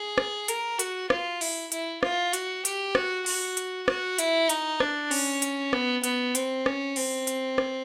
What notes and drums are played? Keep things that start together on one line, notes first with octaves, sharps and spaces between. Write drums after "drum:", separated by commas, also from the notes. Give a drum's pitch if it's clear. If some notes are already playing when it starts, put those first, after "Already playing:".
Already playing: G#4
drum: rim click
A#4, drum: hi-hat
F#4, drum: hi-hat
F4, drum: rim click
E4, drum: open hi-hat
E4, drum: hi-hat
F4, drum: rim click
F#4, drum: hi-hat
G4, drum: hi-hat
F#4, drum: rim click
F#4, drum: open hi-hat
drum: hi-hat
F#4, drum: rim click
E4, drum: hi-hat
D#4, drum: hi-hat
D4, drum: rim click
C#4, drum: open hi-hat
drum: hi-hat
B3, drum: rim click
B3, drum: hi-hat
C4, drum: hi-hat
C#4, drum: rim click
C4, drum: open hi-hat
drum: hi-hat
drum: rim click